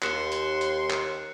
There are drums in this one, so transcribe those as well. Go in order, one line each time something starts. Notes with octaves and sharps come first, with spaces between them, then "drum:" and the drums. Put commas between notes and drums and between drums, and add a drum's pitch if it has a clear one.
D#2 C6 F#6 C#7 E7, drum: clap
drum: hi-hat
drum: hi-hat
drum: clap